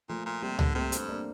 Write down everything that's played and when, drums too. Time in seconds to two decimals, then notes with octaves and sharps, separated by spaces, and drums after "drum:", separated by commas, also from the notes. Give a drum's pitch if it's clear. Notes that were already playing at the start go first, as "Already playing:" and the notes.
0.09 A#2 F3 A3
0.26 A#2
0.42 C3 G3 A#3
0.59 D3, drum: tom C#2
0.75 C3 A3 C4
0.92 A3 C4, drum: hi-hat
0.98 G2
1.09 A#3 D4